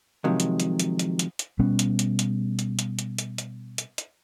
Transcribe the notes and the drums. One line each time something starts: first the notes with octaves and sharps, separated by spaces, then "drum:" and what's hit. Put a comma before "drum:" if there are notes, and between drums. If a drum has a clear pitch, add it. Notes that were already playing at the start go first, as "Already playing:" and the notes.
C3 D#3 F3 F#3 G#3
drum: hi-hat
drum: hi-hat
drum: hi-hat
drum: hi-hat
drum: hi-hat
drum: hi-hat
B2 G3 B3 C#4
drum: hi-hat
drum: hi-hat
drum: hi-hat
drum: hi-hat
drum: hi-hat
drum: hi-hat
drum: hi-hat
drum: hi-hat
drum: hi-hat
drum: hi-hat